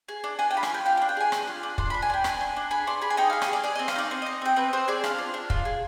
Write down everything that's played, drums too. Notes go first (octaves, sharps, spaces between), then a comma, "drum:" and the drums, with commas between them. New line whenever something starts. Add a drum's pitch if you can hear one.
G#4
D4
D4 G#5
G5
F4 B5
G#5, drum: rim click
F4 G5
F4 G5
G5
D4
G5
G#4 G#5
D4, drum: rim click
F4
D4
D4 C6, drum: kick
D4 B5
G#5
D4 G5
D4 G#5, drum: rim click
D4
D4
G#4 B5
D4 C6
G#4 B5
G#5
D#4 G5
G#4 F5
D#5, drum: rim click
G#4 D5
G#4 D5
C4 D#5
F5, drum: rim click
D#4 D5
C4
D#4 D#5
C4 G5
C4 B4
C4 C5
G#4 D5
D4 F5, drum: rim click
F4
D4
F4, drum: kick
G#4